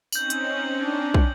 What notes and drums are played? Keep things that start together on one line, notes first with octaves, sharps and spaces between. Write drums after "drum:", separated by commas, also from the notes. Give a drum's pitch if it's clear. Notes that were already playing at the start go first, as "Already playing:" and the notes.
C4 C#4 D#4 G6 F#7, drum: tambourine
drum: hi-hat
D4
drum: kick